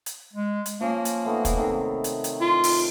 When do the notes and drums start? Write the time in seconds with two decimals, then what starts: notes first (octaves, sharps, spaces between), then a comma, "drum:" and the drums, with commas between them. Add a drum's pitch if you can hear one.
0.06 drum: hi-hat
0.33 G#3
0.66 drum: hi-hat
0.81 F3 A#3 C#4
1.05 drum: hi-hat
1.25 A3 B3 D#4
1.45 drum: kick, hi-hat
1.58 C3 D#3 A4
2.04 drum: hi-hat
2.24 drum: hi-hat
2.41 F4
2.64 drum: open hi-hat